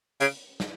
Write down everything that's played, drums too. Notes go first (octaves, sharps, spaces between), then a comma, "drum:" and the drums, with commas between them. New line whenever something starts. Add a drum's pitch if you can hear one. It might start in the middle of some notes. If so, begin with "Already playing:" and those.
C#3, drum: hi-hat
drum: snare